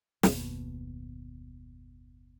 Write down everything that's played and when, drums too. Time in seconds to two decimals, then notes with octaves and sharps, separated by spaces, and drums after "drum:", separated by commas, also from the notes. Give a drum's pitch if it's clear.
0.23 F#1 D#2 B2 A#3, drum: snare